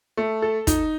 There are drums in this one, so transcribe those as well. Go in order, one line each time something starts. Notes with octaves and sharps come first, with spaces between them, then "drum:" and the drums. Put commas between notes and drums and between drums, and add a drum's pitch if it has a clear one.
A3
A4
D#4, drum: kick, hi-hat